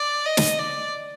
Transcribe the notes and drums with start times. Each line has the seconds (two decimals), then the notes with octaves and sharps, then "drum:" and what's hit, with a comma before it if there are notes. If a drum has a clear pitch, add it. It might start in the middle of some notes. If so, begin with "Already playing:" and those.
Already playing: D5
0.26 D#5
0.37 drum: snare
0.59 D5